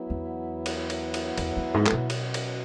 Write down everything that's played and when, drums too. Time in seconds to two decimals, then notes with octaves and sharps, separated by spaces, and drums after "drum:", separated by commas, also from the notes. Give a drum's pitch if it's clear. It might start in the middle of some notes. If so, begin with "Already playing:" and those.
Already playing: F#3 B3 E4
0.10 E2
0.66 drum: cymbal
0.90 drum: cymbal
1.14 drum: cymbal
1.38 E2, drum: cymbal
1.57 E2
1.74 G#2
1.86 A2, drum: clap
1.92 B2
2.10 F#3 C#4 F#4 B4 D#5, drum: cymbal
2.34 drum: cymbal